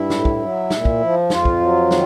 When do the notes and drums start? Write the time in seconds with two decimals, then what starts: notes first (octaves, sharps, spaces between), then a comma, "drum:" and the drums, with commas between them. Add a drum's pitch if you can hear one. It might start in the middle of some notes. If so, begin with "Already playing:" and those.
Already playing: G2 E4
0.10 A2, drum: snare
0.25 drum: kick
0.40 F#3
0.70 A#2, drum: snare
0.85 drum: kick
1.01 F3
1.30 F2 F4, drum: snare
1.45 drum: kick
1.60 F#3
1.91 D#3, drum: snare